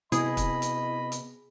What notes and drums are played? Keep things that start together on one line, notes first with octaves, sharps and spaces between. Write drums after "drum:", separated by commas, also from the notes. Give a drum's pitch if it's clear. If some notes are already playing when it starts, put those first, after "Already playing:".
C3 B3 E4 G#4 D#5 B5, drum: hi-hat
drum: kick, hi-hat
drum: hi-hat
drum: hi-hat